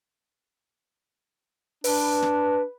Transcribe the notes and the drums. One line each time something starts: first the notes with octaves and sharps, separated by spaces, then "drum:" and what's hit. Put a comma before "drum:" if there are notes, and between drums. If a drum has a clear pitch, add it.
D4 B4, drum: open hi-hat
drum: snare